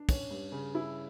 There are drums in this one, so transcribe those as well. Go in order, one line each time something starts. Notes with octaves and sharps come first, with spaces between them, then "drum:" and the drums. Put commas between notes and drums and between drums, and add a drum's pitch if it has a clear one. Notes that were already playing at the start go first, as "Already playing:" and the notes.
Already playing: D4
C#4, drum: kick, cymbal
G2
C#3
E4